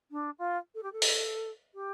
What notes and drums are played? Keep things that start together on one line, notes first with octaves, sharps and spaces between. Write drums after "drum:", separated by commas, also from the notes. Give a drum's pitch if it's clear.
D4
F4
A4
G4
A4
drum: open hi-hat
G4